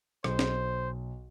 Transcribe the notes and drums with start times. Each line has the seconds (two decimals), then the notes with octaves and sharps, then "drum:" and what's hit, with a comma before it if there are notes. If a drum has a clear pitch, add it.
0.24 B1 C5, drum: rim click
0.39 drum: snare C4